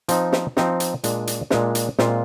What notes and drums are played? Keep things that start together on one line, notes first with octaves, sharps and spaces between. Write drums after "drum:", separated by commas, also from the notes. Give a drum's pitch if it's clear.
F3 C4 D#4, drum: hi-hat
drum: snare
F3 C4 D#4, drum: snare
drum: hi-hat
A#2 G#3 D4, drum: hi-hat
drum: hi-hat
A#2 G#3 D4, drum: snare
drum: hi-hat
A#2 G#3 C4 F4, drum: snare